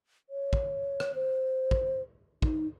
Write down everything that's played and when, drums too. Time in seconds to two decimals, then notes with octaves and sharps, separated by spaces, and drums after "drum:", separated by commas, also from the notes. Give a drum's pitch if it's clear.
0.29 C#5
0.53 drum: kick
1.00 drum: rim click
1.15 C5
1.71 drum: kick
2.42 D#4, drum: kick